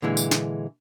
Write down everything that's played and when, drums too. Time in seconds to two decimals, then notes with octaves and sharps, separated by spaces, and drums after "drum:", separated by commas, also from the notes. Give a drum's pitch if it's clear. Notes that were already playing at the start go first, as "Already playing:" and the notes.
0.02 A#2 D3 E3 G#3
0.17 drum: tambourine
0.31 drum: snare